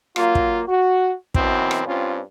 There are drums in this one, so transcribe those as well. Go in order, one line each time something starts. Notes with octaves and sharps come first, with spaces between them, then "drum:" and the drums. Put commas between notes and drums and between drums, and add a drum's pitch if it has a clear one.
F#3 A#3 F4, drum: rim click
drum: kick
F#4
F#2 B2 E3 C4, drum: kick
drum: rim click
G2 C4 C#4 F4